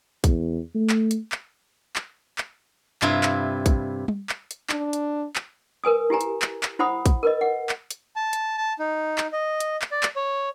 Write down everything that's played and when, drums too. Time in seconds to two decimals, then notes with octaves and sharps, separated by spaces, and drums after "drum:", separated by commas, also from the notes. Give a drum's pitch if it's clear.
0.24 E2, drum: kick, hi-hat
0.75 A3
0.90 drum: clap
1.11 drum: hi-hat
1.32 drum: clap
1.96 drum: clap
2.38 drum: clap
3.02 G2 C3 E4 F4 A#5, drum: clap
3.23 drum: clap
3.66 drum: kick, hi-hat
4.08 drum: tom
4.29 drum: clap
4.51 drum: hi-hat
4.70 D4, drum: clap
4.93 drum: hi-hat
5.36 drum: clap
5.84 A#4 B4 G#5 D#6
6.10 E4 G4 G#5 A#5
6.21 drum: hi-hat
6.42 drum: clap
6.63 drum: clap
6.79 E4 C5 F#5 B5 D#6
7.06 drum: kick, hi-hat
7.23 A#4 B4 D#5
7.41 F#5
7.69 drum: clap
7.91 drum: hi-hat
8.16 A5
8.33 drum: hi-hat
8.58 A5
8.79 D#4
9.18 drum: clap
9.33 D#5
9.60 drum: hi-hat
9.82 drum: clap
9.91 D5
10.03 drum: clap
10.16 C#5